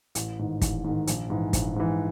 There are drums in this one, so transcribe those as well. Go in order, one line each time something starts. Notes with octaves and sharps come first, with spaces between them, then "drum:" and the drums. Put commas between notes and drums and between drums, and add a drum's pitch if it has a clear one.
A1, drum: hi-hat
G#2 D#3
A1, drum: kick, hi-hat
G#2 D#3
A#1, drum: hi-hat
G#2 E3
A#1, drum: kick, hi-hat
G#2 E3